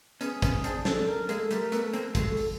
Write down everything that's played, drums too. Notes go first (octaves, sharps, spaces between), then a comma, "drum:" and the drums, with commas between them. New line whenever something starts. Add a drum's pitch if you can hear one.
B3 C#4 G#4, drum: hi-hat
B3 C#4, drum: kick, hi-hat
C4 D4, drum: hi-hat
C4 D4 A4, drum: snare
A#4
G#3 A#3 A4, drum: hi-hat
G3 A3 A#4, drum: hi-hat
A3 B3, drum: hi-hat
A4
A#3 C4, drum: hi-hat
F#3 G#3 A4, drum: kick, hi-hat
drum: open hi-hat